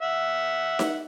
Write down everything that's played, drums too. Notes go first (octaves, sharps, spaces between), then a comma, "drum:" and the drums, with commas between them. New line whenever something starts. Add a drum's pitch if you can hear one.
E5 F#5
drum: snare D#4